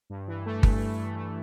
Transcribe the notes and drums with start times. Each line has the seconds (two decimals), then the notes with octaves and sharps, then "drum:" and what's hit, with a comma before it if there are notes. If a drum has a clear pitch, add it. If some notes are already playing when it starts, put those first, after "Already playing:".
0.10 G2
0.28 E3
0.46 A3
0.63 G2, drum: kick G1
0.81 G2
0.98 G2
1.16 A3